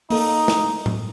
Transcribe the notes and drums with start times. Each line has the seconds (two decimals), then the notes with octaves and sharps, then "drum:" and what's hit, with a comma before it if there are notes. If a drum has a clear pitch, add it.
0.10 A#3 D#4 A4, drum: open hi-hat
0.48 drum: snare
0.86 drum: tom A2